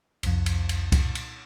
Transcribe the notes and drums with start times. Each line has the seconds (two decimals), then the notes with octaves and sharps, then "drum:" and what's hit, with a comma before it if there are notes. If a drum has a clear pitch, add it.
0.23 C2 F2, drum: cymbal
0.46 drum: cymbal
0.69 drum: cymbal
0.92 drum: kick C2, cymbal
1.15 drum: cymbal